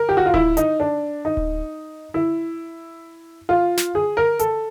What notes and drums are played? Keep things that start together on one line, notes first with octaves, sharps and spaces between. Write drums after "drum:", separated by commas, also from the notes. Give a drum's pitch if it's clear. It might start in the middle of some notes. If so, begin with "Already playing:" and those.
Already playing: A#4
G4
F#4
F4
E4, drum: kick D1
D#4, drum: hi-hat
D4
D#4
drum: kick D1
E4
F4
drum: snare
G#4
A#4
A4, drum: hi-hat